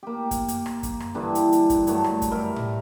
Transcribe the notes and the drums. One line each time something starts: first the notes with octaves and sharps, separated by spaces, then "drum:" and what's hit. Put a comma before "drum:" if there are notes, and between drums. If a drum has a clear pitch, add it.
A#3 G4
drum: kick F#2, hi-hat
drum: hi-hat
drum: rim click
drum: kick F#2, hi-hat
drum: rim click
G2 D3 E3 G4
drum: hi-hat
drum: hi-hat
drum: kick F#2, hi-hat
G2 F#3 A3, drum: hi-hat
drum: rim click
drum: kick F#2, hi-hat
G3 A#4 E5
drum: tom A2